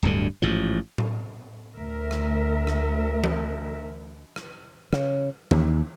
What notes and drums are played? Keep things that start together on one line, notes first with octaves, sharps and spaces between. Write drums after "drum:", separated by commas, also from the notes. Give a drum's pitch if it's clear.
D1 D2 G2 D3
A1 G#2 F3
drum: tom A2
D2 A3 A#4 E5
drum: rim click
drum: rim click
drum: tom E3
drum: rim click
C#3, drum: rim click
D#2, drum: tom E3